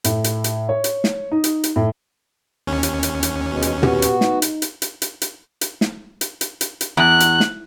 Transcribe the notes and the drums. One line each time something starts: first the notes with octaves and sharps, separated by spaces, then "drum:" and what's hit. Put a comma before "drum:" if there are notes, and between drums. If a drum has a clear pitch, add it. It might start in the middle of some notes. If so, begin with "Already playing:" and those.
A2, drum: hi-hat
drum: hi-hat
drum: hi-hat
C#5
drum: hi-hat
drum: snare
D#4
drum: hi-hat
drum: hi-hat
A2
D#2 C#4
drum: hi-hat
drum: hi-hat
drum: hi-hat
B2 G#3
drum: hi-hat
B3 F#4 G4, drum: tom
drum: hi-hat
D#4, drum: snare
drum: hi-hat
drum: hi-hat
drum: hi-hat
drum: hi-hat
drum: hi-hat
drum: hi-hat
drum: snare
drum: hi-hat
drum: hi-hat
drum: hi-hat
drum: hi-hat
E2 F#6
drum: hi-hat
drum: snare